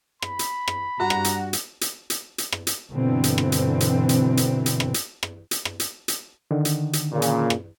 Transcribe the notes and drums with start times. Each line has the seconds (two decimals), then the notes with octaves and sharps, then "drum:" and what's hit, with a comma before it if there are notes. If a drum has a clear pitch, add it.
0.22 B5, drum: rim click
0.39 drum: hi-hat
0.68 drum: rim click
1.00 G2 F#4 A#5
1.10 drum: rim click
1.24 drum: hi-hat
1.53 drum: hi-hat
1.81 drum: hi-hat
2.10 drum: hi-hat
2.38 drum: hi-hat
2.52 drum: rim click
2.67 drum: hi-hat
2.91 G1 B2 D3 E3 C4
3.24 drum: hi-hat
3.38 drum: rim click
3.52 drum: hi-hat
3.80 drum: hi-hat
4.09 drum: hi-hat
4.37 drum: hi-hat
4.66 drum: hi-hat
4.80 drum: rim click
4.94 drum: hi-hat
5.23 drum: rim click
5.51 drum: hi-hat
5.65 drum: rim click
5.80 drum: hi-hat
6.08 drum: hi-hat
6.51 D3 D#3
6.65 drum: hi-hat
6.93 drum: hi-hat
7.12 A#2 C#3
7.22 drum: hi-hat
7.50 drum: rim click